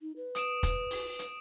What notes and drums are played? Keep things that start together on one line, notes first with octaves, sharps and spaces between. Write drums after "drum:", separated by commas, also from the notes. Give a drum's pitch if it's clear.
D#4
B4
D#6 D7 E7, drum: hi-hat
drum: kick, hi-hat
drum: open hi-hat
drum: hi-hat